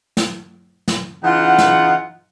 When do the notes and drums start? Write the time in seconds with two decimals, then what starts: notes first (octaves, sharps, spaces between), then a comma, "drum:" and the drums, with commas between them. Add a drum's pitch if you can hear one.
0.17 drum: snare
0.88 drum: snare
1.23 C#3 E3 D#4 F4 F#5
1.58 drum: snare